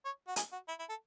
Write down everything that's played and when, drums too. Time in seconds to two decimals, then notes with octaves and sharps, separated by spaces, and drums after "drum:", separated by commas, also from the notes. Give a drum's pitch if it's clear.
0.05 C#5
0.28 F#4
0.36 G#4, drum: hi-hat
0.52 F#4
0.68 E4
0.79 E4
0.89 A4